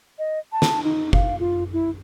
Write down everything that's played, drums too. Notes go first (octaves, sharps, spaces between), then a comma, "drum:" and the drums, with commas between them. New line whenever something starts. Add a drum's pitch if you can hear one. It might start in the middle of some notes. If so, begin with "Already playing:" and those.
D#5
A5
drum: snare
D#4
F5, drum: kick F#1
F4
E4